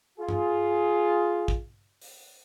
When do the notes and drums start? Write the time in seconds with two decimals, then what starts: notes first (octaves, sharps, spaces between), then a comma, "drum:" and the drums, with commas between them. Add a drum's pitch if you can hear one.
0.19 F4 G#4
0.29 drum: tom G2
1.48 drum: kick
2.02 drum: open hi-hat